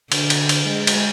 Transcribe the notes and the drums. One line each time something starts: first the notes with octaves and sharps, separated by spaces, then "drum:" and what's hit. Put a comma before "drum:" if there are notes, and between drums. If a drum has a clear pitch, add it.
D3, drum: cymbal
drum: cymbal
drum: cymbal
G#3
drum: cymbal